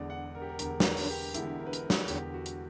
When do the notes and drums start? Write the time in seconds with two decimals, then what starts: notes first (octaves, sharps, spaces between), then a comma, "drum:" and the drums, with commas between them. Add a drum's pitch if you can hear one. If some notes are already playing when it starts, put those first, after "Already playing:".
Already playing: E1 E2 D3 D5
0.10 F#5
0.35 A#4
0.42 G4
0.49 A#4
0.59 E1 E2 D3 A#4, drum: hi-hat
0.80 B4, drum: snare
0.84 A#4
0.97 drum: open hi-hat
1.10 G4
1.34 E1 E2 D3 E4, drum: hi-hat
1.59 A#4
1.66 B4
1.73 A#4, drum: hi-hat
1.90 drum: snare
2.08 E1 E2 D3 G4, drum: hi-hat
2.34 F#4
2.46 drum: hi-hat